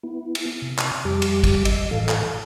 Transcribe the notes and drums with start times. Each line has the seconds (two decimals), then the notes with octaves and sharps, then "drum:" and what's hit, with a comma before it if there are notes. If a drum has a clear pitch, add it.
0.03 B3 E4
0.35 drum: cymbal
0.62 C3
0.78 drum: clap
1.05 F2 G3 G4 D6
1.22 drum: cymbal
1.44 drum: kick, cymbal
1.65 D#5 E6, drum: cymbal
1.91 A2 E3 A4 F5
2.09 drum: clap